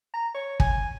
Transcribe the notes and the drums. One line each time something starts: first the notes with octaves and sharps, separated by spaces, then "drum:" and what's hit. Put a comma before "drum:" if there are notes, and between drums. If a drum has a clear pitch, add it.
A#5
C#5
G#5, drum: kick